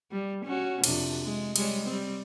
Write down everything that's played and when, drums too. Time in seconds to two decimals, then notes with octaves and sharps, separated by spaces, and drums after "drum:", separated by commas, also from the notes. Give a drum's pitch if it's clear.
0.12 G3
0.45 C#4 F#4
0.84 F2 C3 D4, drum: cymbal
1.23 G#3
1.56 G3 G#3 C#5, drum: cymbal
1.85 G3 C4